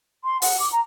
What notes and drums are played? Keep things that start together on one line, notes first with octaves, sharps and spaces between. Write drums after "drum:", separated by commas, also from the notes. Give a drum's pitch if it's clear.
C6
F#5, drum: open hi-hat
D6
A#5